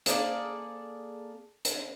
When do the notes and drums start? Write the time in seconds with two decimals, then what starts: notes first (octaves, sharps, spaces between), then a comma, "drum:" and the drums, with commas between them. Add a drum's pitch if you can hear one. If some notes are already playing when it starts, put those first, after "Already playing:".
0.06 A#3 G#4 A4 D5, drum: hi-hat
1.65 drum: hi-hat